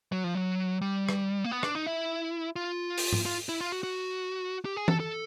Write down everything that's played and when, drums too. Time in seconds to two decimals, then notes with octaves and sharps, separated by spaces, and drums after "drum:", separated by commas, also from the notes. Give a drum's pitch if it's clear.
0.12 F#3
0.24 F3
0.35 F#3
0.82 G3
1.09 drum: rim click
1.44 A#3
1.52 B3
1.63 D4, drum: rim click
1.75 D#4
1.87 E4
2.56 F4
2.98 drum: open hi-hat
3.13 drum: tom G#2
3.25 F4
3.49 E4
3.60 F4
3.72 F#4
3.83 F#4
4.65 G4
4.76 G#4
4.88 A4, drum: tom E3
5.00 A4